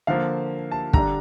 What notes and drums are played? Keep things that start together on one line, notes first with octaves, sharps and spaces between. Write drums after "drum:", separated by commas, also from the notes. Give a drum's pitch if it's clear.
D3 F3 A#3 F5
A5
D3 G3 D4 A#5, drum: kick